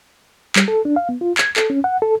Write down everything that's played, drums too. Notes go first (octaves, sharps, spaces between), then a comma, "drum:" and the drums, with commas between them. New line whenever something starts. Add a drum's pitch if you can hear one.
G3, drum: clap
A4
D4
F5
B3
F4
G#6, drum: clap
A4, drum: clap
C#4
F#5
A4